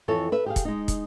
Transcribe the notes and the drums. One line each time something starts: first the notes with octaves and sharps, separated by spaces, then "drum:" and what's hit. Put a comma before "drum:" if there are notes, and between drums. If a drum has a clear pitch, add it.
F2 E3 A4 C#5 E5
B4 E5
G4 G#4 F5
drum: kick, hi-hat
G#3 D#4
drum: kick, hi-hat